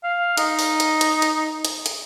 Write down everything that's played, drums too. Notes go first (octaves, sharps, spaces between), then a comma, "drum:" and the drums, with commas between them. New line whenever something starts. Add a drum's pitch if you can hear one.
F5
D#4, drum: hi-hat
drum: open hi-hat
drum: hi-hat
drum: hi-hat
drum: hi-hat
drum: hi-hat
drum: hi-hat